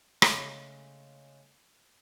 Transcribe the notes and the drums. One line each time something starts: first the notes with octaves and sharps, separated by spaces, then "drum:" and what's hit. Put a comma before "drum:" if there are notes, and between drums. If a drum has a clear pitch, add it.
C#3 G#3 A3, drum: rim click